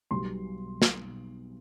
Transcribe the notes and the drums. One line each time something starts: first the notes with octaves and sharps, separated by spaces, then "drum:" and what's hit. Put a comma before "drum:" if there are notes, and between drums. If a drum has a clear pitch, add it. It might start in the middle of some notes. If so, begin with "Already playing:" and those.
B1 B2 G3 C6
drum: snare